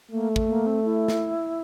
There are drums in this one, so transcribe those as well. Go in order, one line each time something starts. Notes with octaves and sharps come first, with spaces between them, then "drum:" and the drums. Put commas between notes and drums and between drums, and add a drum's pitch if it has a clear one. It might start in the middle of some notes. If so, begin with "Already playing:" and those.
A3 A#3
drum: kick
A#3
C4
E4
drum: snare